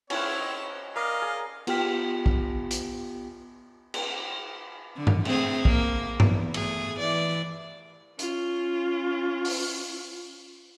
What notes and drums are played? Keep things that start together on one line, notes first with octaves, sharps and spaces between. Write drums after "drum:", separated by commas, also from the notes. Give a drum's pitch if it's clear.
C4 C#4 E4 C#5 F#5, drum: cymbal
D#5
A#4 D5 D#5 F5
G#4
B3 F4 G4 G5 F6 B6, drum: cymbal
drum: kick
drum: hi-hat
drum: cymbal
D3
drum: tom G2
A3 C4 G#4, drum: cymbal
A#3, drum: kick
E2, drum: tom G2
A3 G#4, drum: cymbal
E3 D5
C#4 F4, drum: hi-hat
drum: open hi-hat